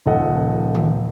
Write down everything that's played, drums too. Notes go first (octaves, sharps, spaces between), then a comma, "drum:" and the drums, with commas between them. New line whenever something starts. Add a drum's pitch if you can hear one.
D#1 C#2 F3 A4 D#5 F#5
drum: tom D#3